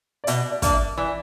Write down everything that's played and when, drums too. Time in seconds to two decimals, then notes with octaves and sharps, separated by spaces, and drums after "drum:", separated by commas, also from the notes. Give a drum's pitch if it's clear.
0.24 D5
0.27 B2 E5, drum: hi-hat
0.51 D5
0.62 A#3 D4, drum: kick, hi-hat
0.74 E5
0.98 E3 D5